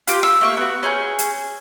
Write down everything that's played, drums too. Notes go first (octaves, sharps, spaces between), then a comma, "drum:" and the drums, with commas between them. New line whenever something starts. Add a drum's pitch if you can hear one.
F4 G4 G6, drum: hi-hat
E6, drum: rim click
A3 A#3 C#6
B3 F#4
C#4 G#4 C6 G6
drum: hi-hat